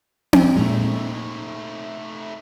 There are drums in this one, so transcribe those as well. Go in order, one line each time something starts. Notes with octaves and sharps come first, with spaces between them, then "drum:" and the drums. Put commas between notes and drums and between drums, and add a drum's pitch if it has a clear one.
drum: tom C4
A#2 G#3 A3 D#4